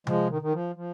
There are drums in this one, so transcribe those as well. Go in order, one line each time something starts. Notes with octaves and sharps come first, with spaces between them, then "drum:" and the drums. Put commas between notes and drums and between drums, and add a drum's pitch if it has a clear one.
F3 G#3, drum: tom C3
D#3
D#3
F3
F3